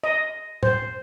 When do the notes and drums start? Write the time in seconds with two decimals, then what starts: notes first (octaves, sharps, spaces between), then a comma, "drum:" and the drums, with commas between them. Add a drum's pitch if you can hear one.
0.04 D#5
0.63 C5, drum: tom